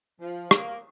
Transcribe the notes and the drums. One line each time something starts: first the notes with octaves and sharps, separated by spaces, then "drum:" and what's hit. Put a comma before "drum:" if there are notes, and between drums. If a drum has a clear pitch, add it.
F3
A#3, drum: rim click